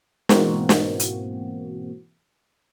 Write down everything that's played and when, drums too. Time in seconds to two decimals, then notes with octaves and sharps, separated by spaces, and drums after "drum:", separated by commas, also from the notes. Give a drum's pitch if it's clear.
0.29 G#2 B2 E3 A#3 C4 F#4, drum: snare
0.69 drum: snare
1.00 drum: hi-hat